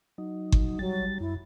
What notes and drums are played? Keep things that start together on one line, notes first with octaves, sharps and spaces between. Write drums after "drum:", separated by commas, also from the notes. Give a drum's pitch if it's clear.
F#3 D#4
drum: kick G1
F#3 G3 A6
F#2 E4